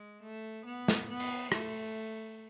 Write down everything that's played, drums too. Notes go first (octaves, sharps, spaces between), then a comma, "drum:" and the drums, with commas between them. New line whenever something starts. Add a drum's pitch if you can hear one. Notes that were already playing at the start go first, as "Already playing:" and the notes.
Already playing: G#3
A3
B3
drum: snare
B3
drum: open hi-hat
A3, drum: rim click